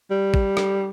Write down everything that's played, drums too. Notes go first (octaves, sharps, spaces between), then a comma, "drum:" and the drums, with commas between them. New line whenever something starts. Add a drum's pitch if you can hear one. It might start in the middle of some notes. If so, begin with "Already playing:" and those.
G3
drum: kick
drum: rim click